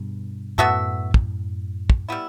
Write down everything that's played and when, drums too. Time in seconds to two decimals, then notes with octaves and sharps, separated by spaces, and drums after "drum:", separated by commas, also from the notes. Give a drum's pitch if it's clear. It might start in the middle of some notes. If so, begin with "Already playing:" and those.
Already playing: G2 B2
0.58 F#2 A2 B3 F#4 A4 E5
1.14 drum: kick
1.90 drum: kick
2.09 G3 B3 E4